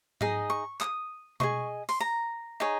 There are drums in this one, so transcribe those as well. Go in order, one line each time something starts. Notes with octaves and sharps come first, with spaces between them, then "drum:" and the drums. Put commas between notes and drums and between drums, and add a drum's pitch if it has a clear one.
D#4 G#4 D#5, drum: tom G#2
C#6
D#6, drum: clap
G#4 C5 D#5 C#6, drum: tom B2
C6, drum: open hi-hat
A#5
D#4 G#4 C#5